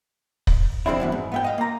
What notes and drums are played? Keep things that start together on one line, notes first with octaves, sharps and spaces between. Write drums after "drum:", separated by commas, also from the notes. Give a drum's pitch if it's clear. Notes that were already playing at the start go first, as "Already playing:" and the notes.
drum: kick
F3 F#3 G#3 C4 D4 E4
F#2 E3 B3
G#2
B3 E5 G5
D#5 F5
A#3 A#5